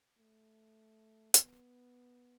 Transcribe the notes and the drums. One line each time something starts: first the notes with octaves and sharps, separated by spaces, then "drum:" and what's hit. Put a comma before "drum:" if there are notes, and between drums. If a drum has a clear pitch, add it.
A3
B3, drum: hi-hat